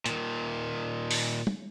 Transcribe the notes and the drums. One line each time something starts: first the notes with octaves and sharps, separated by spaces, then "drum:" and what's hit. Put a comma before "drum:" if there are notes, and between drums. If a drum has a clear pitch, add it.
A#2 D#3, drum: hi-hat
drum: open hi-hat
drum: tom